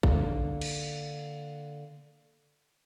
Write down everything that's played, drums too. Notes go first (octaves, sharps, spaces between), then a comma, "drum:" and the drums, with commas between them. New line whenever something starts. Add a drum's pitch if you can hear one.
D3 A#3, drum: kick A1
drum: cymbal